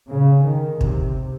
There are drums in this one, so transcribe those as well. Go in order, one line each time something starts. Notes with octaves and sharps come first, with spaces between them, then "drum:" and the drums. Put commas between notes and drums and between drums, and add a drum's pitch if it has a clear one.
C#3
D#3
C3, drum: kick